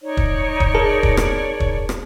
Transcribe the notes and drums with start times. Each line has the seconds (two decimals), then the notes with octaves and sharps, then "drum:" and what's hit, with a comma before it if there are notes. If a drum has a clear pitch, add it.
0.01 D#4 C#5 D5
0.17 drum: kick
0.60 drum: kick
0.74 G#4 A#4 A5
1.03 drum: kick
1.17 drum: rim click
1.60 drum: kick
1.89 drum: rim click